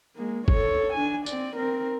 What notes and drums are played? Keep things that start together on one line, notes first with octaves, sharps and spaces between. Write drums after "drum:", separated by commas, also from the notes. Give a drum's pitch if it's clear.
G#3 A#3
A4 C#5, drum: kick
D4 G#5
C4 D5, drum: tambourine
C4 A#4